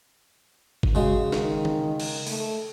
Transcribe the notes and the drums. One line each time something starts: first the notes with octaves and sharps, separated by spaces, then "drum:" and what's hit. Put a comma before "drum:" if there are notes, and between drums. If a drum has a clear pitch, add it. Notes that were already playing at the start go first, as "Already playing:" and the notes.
drum: kick G1
C#3 G#3 F#4
D#3, drum: snare
drum: tom D#3
drum: cymbal
A3, drum: open hi-hat